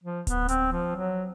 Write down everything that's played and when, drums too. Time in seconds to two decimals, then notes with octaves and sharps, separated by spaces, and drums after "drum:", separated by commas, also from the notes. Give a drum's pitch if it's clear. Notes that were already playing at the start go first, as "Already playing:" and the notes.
0.04 F3
0.27 B3, drum: kick D1, hi-hat
0.48 C4, drum: hi-hat
0.72 F3
0.96 F#3